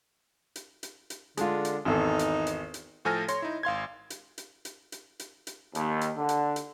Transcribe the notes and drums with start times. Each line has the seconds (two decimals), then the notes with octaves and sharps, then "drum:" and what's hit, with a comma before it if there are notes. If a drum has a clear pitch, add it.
0.56 drum: hi-hat
0.83 drum: hi-hat
1.10 drum: hi-hat
1.37 D3 G#3 D4 F4, drum: hi-hat
1.65 drum: hi-hat
1.85 G#1 E2 D#4 A4
2.19 drum: hi-hat
2.47 drum: hi-hat
2.74 drum: hi-hat
3.05 A2 F3 A4 G#5 F6 A#6
3.28 C#5 C6, drum: hi-hat
3.42 D#4 E4
3.63 G#1 F5 C6 G#6
4.10 drum: hi-hat
4.38 drum: hi-hat
4.65 drum: hi-hat
4.92 drum: hi-hat
5.19 drum: hi-hat
5.47 drum: hi-hat
5.75 D#2, drum: hi-hat
6.01 drum: hi-hat
6.17 D3
6.29 drum: hi-hat
6.56 drum: hi-hat